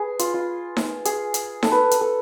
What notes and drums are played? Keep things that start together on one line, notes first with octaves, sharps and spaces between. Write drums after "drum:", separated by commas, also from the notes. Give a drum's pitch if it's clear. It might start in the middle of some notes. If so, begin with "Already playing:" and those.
Already playing: G#4 B4
F4, drum: hi-hat
F4
drum: snare D#4
G#4, drum: hi-hat
drum: hi-hat
A4, drum: snare D#4
B4
B4, drum: hi-hat
A4